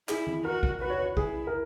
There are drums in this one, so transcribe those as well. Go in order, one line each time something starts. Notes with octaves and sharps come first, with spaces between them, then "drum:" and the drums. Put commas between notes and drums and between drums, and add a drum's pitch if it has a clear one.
E4 G#4, drum: clap
drum: tom E3
F#4 A#4
drum: kick
F#4 B4
C#5
B4
E4 G#4, drum: kick
A#4